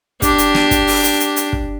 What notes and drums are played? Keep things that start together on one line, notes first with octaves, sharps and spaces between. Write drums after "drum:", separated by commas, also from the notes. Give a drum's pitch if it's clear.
D4 G4, drum: kick, hi-hat
drum: hi-hat
drum: snare
drum: kick, hi-hat
drum: open hi-hat
drum: hi-hat
drum: hi-hat
drum: hi-hat
drum: kick